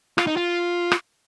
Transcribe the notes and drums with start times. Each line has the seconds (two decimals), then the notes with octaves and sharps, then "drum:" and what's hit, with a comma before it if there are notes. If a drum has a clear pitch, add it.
0.18 F4, drum: rim click
0.27 D#4
0.37 F4
0.92 drum: rim click